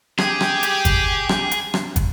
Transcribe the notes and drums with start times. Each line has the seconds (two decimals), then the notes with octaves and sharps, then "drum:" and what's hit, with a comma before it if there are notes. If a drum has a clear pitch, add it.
0.18 G4 G#4, drum: rim click
0.41 drum: rim click
0.63 drum: hi-hat
0.85 drum: kick, hi-hat
1.29 drum: rim click
1.51 drum: hi-hat
1.74 drum: rim click
1.96 drum: kick, hi-hat